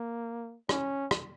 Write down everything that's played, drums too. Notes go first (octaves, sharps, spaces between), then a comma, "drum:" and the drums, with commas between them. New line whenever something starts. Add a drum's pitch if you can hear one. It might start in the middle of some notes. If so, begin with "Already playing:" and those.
Already playing: A#3
C#4, drum: rim click
drum: rim click